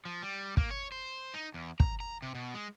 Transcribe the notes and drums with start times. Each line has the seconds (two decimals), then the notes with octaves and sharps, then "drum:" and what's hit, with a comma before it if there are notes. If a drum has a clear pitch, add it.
0.05 F3
0.22 G3
0.57 A#3, drum: kick
0.70 C#5
0.92 C5
1.34 D#4
1.54 E2
1.80 A#5, drum: kick
2.00 A#5
2.22 C3
2.35 B2
2.54 G#3